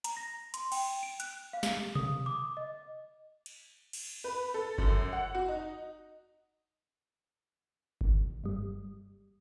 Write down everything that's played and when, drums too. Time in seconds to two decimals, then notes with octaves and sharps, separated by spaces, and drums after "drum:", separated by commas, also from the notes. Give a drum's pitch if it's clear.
0.04 A#5, drum: hi-hat
0.17 A#6
0.54 C6, drum: hi-hat
0.72 G5, drum: cymbal
1.03 D7
1.20 F#6, drum: hi-hat
1.53 F5
1.63 drum: snare
1.95 D#6, drum: tom B2
2.26 D6
2.57 D#5
3.46 drum: cymbal
3.93 drum: cymbal
4.24 B4
4.54 A4
4.78 F#2, drum: kick G1
5.13 F#5
5.35 F#4
5.48 D#4
8.01 drum: kick G1
8.44 G2 G3